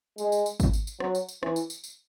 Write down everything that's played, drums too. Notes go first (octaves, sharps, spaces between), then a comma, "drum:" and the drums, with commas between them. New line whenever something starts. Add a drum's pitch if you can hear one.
G#3, drum: tambourine
drum: tambourine
drum: tambourine
drum: kick G#1, tambourine
drum: tambourine
drum: tambourine
F#3, drum: rim click
drum: tambourine
drum: tambourine
E3, drum: rim click
drum: tambourine
drum: tambourine
drum: tambourine